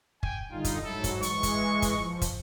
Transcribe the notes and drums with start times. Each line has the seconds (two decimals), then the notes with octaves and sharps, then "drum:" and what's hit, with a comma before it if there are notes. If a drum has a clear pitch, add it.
0.23 G5 G#5, drum: kick
0.52 D3 G3 D#4 F4
0.65 drum: kick, hi-hat
0.84 G#2 F#3 E4 A4
1.04 drum: kick, hi-hat
1.23 E3 G#3 C#6, drum: hi-hat
1.43 drum: kick, hi-hat
1.82 drum: kick, hi-hat
1.95 F3
2.22 drum: kick, hi-hat